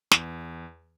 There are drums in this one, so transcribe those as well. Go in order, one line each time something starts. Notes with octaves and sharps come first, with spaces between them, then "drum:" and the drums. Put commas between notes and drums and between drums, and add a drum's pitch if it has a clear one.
E2, drum: snare